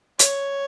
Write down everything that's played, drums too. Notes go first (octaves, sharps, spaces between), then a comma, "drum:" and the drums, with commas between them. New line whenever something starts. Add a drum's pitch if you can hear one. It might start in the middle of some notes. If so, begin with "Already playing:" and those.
C#5, drum: hi-hat